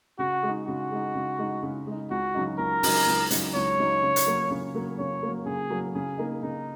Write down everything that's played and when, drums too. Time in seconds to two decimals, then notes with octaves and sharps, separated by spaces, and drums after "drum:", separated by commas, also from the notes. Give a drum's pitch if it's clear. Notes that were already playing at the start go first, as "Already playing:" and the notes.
0.19 C#3 F#4
0.43 G#3 D#4
0.67 C#3 F#4
0.92 G#3 D#4
1.15 C#3
1.39 G#3 D#4
1.62 C#3
1.87 G#3 D#4
2.11 C#2 F#4
2.34 C#3 F#3 D#4
2.59 C#2 A#4
2.83 C#3 F#3 D#4, drum: open hi-hat
3.07 C#2
3.31 C#3 F#3 D#4, drum: hi-hat
3.55 C#2 C#5
3.78 C#3 F#3 D#4
4.02 C#3
4.16 drum: hi-hat
4.26 F#3 A#3
4.50 C#3
4.74 F#3 A#3
4.98 C#3 C#5
5.23 F#3 A#3
5.46 C#3 G#4
5.70 F#3 A#3
5.94 C#3 G#4
6.18 A#3 D#4
6.42 C#3 D#4